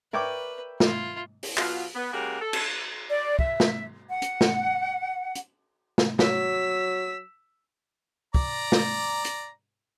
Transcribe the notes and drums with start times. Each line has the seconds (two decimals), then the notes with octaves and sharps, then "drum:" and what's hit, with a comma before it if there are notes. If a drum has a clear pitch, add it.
0.13 A#4 B4 C#5 D5 E5 G5 D6
0.80 E4 F4, drum: snare
1.43 drum: open hi-hat
1.57 B2 F#3 B3 F4, drum: clap
1.95 B3
2.13 C#3 G#3 A#3 F#4 G4 A#4
2.41 A4
2.53 drum: cymbal
3.10 D5
3.39 E5, drum: kick
3.60 drum: snare
4.08 F#5
4.22 drum: hi-hat
4.41 drum: snare
5.35 drum: hi-hat
5.98 drum: snare
6.19 F#3 E6 B6, drum: snare
8.35 D5 A#5, drum: kick
8.72 drum: snare
9.25 drum: hi-hat